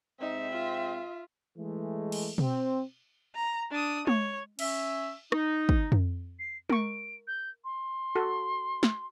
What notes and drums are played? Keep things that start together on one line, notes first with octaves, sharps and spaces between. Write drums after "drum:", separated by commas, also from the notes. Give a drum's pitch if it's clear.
C3 G#3 C4 D#4 E5
F4
E3 G#3 A3
drum: cymbal
C4, drum: tom B2
A#5
D4 D#6
C#5, drum: tom G#3
C#4 E5, drum: cymbal
D#4, drum: rim click
drum: kick
drum: tom F2
C7
A#4 C#6 D7, drum: tom G#3
G6
C6
F#4 A4
drum: snare